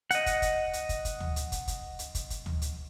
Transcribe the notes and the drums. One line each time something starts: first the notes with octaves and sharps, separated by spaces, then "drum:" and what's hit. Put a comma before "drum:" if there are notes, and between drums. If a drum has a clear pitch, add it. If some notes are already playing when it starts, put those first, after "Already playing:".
D#5 F#5, drum: hi-hat
drum: kick, hi-hat
drum: kick, hi-hat
drum: hi-hat
drum: kick, hi-hat
drum: kick, hi-hat
drum: tom D2
drum: hi-hat
drum: kick, hi-hat
drum: kick, hi-hat
drum: hi-hat
drum: kick, hi-hat
drum: kick, hi-hat
drum: tom D2
drum: hi-hat